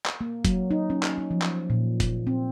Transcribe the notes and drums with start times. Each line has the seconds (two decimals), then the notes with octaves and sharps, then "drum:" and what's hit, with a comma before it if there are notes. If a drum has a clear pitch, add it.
0.06 drum: clap
0.21 A#3
0.45 F#3, drum: kick, hi-hat
0.71 D#4
0.90 C#4
1.03 drum: clap
1.18 D#4
1.31 F3
1.42 drum: clap
1.70 A#2
2.00 drum: kick, hi-hat
2.27 C4